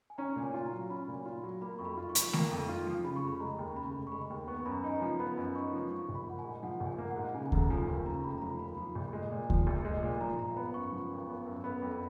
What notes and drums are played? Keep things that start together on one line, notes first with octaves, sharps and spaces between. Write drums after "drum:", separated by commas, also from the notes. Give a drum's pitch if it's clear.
G#5
C#4 A#5
A#2
G#5
F4
A#5
F#3
C#4 B5
A#2
F4 B5
F#3
A#3 B5
F2 C#6
B5
F4
C#6
F3, drum: hi-hat
A#3, drum: snare A3
F2
F4
F3
C#3 B5
C#6
F1 B5
G#3 A#5
D#2
C#3 B5
F1
C#6
G#3 B5
D#2
B3 C#6
F#2 B5
A#5
D#4
G#5
A#5
F3
B3 B5
F#2
D#4 C#6
F3
F3 C#6
A#1
B5
A#3 F#5
G#5
G#2
F3 F#5
A#1
G#5
A#3
F#5
G#2
C#3 G#5
F1 A#5, drum: kick D2
F3 G#5
D#2 G#5
C#3 A#5
F1 B5
A#5
F3 B5
D#2 B5
F3
A#1
G#3
A#2
F3, drum: kick D2
A#1
G#3
A#2
F3 A#5
G#1 A#5
B3 B5
F#2 C#6
F3
G#1
B3
F#2
B3 B5
F2